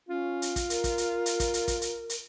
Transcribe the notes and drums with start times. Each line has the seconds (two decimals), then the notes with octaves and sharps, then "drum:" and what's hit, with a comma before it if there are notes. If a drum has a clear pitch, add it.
0.09 C#4 F4
0.42 drum: hi-hat
0.56 drum: kick, hi-hat
0.70 A#4, drum: hi-hat
0.84 drum: kick, hi-hat
0.98 drum: hi-hat
1.26 drum: hi-hat
1.40 drum: kick, hi-hat
1.54 drum: hi-hat
1.68 drum: kick, hi-hat
1.82 drum: hi-hat
2.10 drum: hi-hat